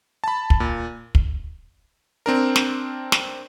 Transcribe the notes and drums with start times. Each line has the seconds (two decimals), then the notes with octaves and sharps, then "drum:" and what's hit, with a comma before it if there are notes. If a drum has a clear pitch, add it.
0.24 A5 B5
0.50 drum: kick
0.60 A#2
1.15 drum: kick
2.26 C4 D4 A#4
2.56 drum: snare
3.12 drum: snare